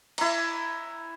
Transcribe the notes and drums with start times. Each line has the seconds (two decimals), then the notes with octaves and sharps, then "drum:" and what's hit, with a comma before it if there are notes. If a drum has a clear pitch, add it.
0.18 E4 A#5, drum: cymbal